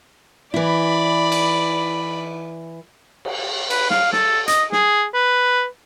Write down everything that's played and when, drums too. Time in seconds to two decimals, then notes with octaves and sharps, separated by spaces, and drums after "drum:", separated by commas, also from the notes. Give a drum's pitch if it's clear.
0.54 E3 E4 D5 B5
1.32 drum: cymbal
3.25 drum: cymbal
3.70 B4, drum: cymbal
3.90 F5, drum: snare
4.13 A4, drum: snare
4.48 D#5, drum: hi-hat
4.72 G#4, drum: snare
5.14 B4